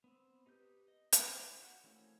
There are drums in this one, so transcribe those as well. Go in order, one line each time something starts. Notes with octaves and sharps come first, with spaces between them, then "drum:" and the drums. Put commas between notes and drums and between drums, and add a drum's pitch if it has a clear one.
B3 C4
D#4 G4 B4 G6
D#5
E5 B5 C6, drum: hi-hat
F#4
E3 A3 A#3 C4 C#4